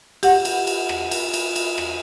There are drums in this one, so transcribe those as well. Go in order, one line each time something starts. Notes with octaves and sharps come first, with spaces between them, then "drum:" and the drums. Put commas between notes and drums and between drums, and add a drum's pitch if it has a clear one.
G4 F#5, drum: cymbal
drum: cymbal
drum: cymbal
drum: rim click
drum: cymbal
drum: cymbal
drum: cymbal
drum: rim click